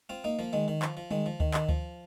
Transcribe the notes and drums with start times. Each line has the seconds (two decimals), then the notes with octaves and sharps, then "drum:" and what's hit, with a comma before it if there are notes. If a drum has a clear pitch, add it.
0.09 C4 F4
0.24 A#3 D#4
0.39 F3 A#3
0.53 D#3 G#3
0.68 D#3
0.82 F3, drum: clap
0.97 F3
1.11 D#3 G#3, drum: tom G3
1.26 F3
1.40 D#3, drum: kick D2
1.54 D#3, drum: clap
1.69 F3, drum: kick D2